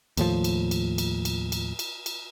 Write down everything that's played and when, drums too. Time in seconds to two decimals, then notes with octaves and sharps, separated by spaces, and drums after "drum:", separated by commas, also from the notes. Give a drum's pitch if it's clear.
0.17 D#2 A2 F3, drum: cymbal
0.44 drum: cymbal
0.71 drum: cymbal
0.98 drum: cymbal
1.25 drum: cymbal
1.52 drum: cymbal
1.79 drum: cymbal
2.06 drum: cymbal